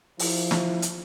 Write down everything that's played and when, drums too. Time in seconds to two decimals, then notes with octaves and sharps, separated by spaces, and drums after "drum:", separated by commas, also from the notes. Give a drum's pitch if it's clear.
0.19 F3 E4, drum: open hi-hat
0.51 drum: snare
0.82 drum: hi-hat